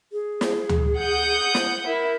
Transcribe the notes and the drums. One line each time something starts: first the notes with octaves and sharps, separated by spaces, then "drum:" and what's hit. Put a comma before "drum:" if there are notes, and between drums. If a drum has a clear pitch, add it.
G#4
drum: snare
drum: tom D2
F#5 D#6 G6
drum: snare
E4 A#4